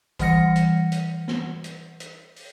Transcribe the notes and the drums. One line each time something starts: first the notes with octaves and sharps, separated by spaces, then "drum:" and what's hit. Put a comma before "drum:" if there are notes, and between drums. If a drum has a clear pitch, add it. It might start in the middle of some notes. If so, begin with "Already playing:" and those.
E3 G3 F#5 F6 A#6 C#7, drum: kick, hi-hat
drum: hi-hat
drum: hi-hat
drum: snare
drum: hi-hat
drum: hi-hat
drum: open hi-hat